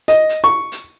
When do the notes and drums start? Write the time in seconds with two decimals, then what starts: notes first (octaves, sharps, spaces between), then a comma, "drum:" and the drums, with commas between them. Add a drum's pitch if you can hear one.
0.08 D#5, drum: hi-hat
0.29 drum: hi-hat
0.44 C#6
0.72 drum: hi-hat